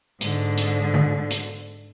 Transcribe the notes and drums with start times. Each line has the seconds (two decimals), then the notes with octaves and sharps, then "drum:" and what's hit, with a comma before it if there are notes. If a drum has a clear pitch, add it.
0.21 G#2 D3, drum: hi-hat
0.57 drum: hi-hat
0.94 drum: tom D3
1.30 drum: hi-hat